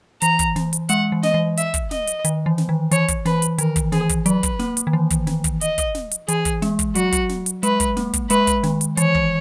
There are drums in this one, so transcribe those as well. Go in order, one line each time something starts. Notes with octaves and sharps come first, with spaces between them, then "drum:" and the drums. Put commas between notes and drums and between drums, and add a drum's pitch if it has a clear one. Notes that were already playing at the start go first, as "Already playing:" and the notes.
E3 A#5, drum: hi-hat
drum: kick, hi-hat
E3, drum: snare
drum: hi-hat
G#3 F#5, drum: hi-hat
E3
D#5, drum: snare
E3
E5, drum: hi-hat
drum: kick, hi-hat
D#5, drum: snare
drum: hi-hat
D#3, drum: hi-hat
E3
drum: snare
D#3
E3 C#5, drum: hi-hat
drum: kick, hi-hat
E3 B4, drum: snare
drum: hi-hat
D#3 A#4, drum: hi-hat
drum: kick, hi-hat
E3 G#4, drum: snare
drum: kick, hi-hat
F#3 B4, drum: hi-hat
drum: kick, hi-hat
A#3, drum: snare
drum: hi-hat
D#3
E3
drum: kick, hi-hat
D#3, drum: snare
drum: kick, hi-hat
D#5, drum: hi-hat
drum: kick, hi-hat
drum: snare
drum: hi-hat
E3 G#4, drum: hi-hat
drum: kick, hi-hat
G#3, drum: snare
drum: kick, hi-hat
F#3 F#4, drum: hi-hat
drum: kick, hi-hat
drum: snare
drum: hi-hat
G#3 B4, drum: hi-hat
drum: kick, hi-hat
A#3, drum: snare
drum: kick, hi-hat
G#3 B4, drum: hi-hat
drum: kick, hi-hat
D#3, drum: snare
drum: hi-hat
E3 C#5, drum: hi-hat
drum: kick